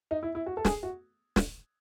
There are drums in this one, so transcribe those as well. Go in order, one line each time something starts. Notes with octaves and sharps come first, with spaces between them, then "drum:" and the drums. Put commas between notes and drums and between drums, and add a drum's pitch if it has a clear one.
D#4
E4
E4
F#4
A4
G#4, drum: snare
F#4
drum: snare